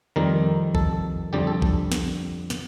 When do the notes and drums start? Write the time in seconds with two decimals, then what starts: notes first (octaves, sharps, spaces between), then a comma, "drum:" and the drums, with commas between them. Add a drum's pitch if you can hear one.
0.16 F2 D#3 G3 A#4
0.75 A4, drum: kick A#1
1.33 F2 D3 G3 G4
1.47 A4
1.62 drum: kick A#1
1.92 drum: snare
2.50 drum: snare